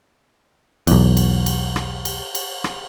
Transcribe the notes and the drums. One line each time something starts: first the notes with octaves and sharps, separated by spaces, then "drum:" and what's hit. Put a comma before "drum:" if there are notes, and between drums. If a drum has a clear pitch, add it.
B1 E2, drum: cymbal
drum: cymbal
drum: cymbal
drum: rim click
drum: cymbal
drum: cymbal
drum: rim click